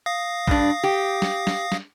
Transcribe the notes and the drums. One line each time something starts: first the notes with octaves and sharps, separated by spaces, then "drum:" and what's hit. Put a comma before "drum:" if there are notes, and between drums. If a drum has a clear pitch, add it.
F5 D#6 A#6
G2 D4, drum: kick A#1
G4
drum: snare
drum: snare
drum: snare